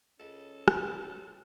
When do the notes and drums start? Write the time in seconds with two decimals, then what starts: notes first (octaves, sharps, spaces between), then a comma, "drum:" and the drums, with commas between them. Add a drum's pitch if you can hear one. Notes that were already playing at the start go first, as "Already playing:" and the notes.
0.20 C#2 C#4 A4
0.68 B4 F#5, drum: rim click